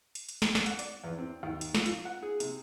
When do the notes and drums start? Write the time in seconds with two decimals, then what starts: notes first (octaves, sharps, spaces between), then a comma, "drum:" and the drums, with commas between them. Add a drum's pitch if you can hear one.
0.15 drum: hi-hat
0.29 drum: hi-hat
0.42 drum: snare
0.55 drum: snare
0.66 F#5, drum: hi-hat
0.79 D5, drum: hi-hat
1.04 E2
1.18 C4
1.43 D#2
1.61 drum: hi-hat
1.75 F3, drum: snare
1.86 F4, drum: hi-hat
2.05 F#5
2.23 G#4
2.40 C3, drum: hi-hat